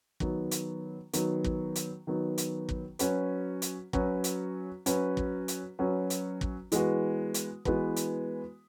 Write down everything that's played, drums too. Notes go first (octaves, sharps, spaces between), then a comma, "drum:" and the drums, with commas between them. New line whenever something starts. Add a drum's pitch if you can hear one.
D#3 F#3 B3, drum: kick
drum: hi-hat
D#3 F#3 B3, drum: hi-hat
drum: kick
drum: hi-hat
D#3 F#3 B3
drum: hi-hat
drum: kick
F#3 C#4 F#4 B4, drum: hi-hat
drum: hi-hat
F#3 C#4 F#4 B4, drum: kick
drum: hi-hat
F#3 C#4 F#4 B4, drum: hi-hat
drum: kick
drum: hi-hat
F#3 C#4 F#4 B4
drum: hi-hat
drum: kick
E3 G#3 B3 F#4 B4, drum: hi-hat
drum: hi-hat
E3 G#3 B3 F#4 B4, drum: kick
drum: hi-hat